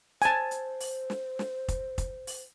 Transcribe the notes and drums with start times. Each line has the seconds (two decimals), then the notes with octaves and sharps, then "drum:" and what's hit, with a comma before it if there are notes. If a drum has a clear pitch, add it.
0.22 C5 G#5 A5, drum: hi-hat
0.51 drum: hi-hat
0.80 drum: open hi-hat
1.10 drum: snare
1.39 drum: snare
1.68 drum: kick, hi-hat
1.98 drum: kick, hi-hat
2.27 drum: open hi-hat